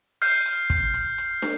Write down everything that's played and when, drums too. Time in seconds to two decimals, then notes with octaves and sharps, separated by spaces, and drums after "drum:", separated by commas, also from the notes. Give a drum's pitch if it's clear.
0.22 F6 G6 C7, drum: open hi-hat
0.46 drum: hi-hat
0.70 drum: kick, hi-hat
0.94 drum: hi-hat
1.18 drum: hi-hat
1.42 drum: snare